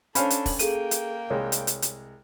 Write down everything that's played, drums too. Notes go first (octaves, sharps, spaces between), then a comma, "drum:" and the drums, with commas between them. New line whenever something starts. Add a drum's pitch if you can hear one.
C#4 D4 A4 C5 C#5 F5 G#5 B5, drum: hi-hat
drum: hi-hat
drum: kick, open hi-hat
A#3 G#4 A4 G5 D#7, drum: hi-hat
drum: hi-hat
C2 G#3 C#5
drum: hi-hat
drum: hi-hat
drum: hi-hat